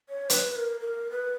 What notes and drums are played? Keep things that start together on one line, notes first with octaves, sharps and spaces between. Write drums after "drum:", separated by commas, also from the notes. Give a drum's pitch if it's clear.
C#5
B4, drum: hi-hat
B4
A#4
A#4
B4